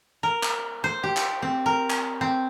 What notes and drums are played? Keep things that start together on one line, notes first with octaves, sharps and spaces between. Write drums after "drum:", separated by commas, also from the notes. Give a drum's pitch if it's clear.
A#4
drum: clap
C5
G4
drum: clap
C4
A#4
drum: clap
C4